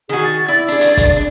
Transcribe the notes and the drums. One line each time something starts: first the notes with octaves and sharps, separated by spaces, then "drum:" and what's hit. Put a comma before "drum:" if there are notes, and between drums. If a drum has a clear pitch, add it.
D#3 F#4 G#4
A6
E4 D5
D4 G#4
drum: hi-hat
drum: kick, hi-hat
D4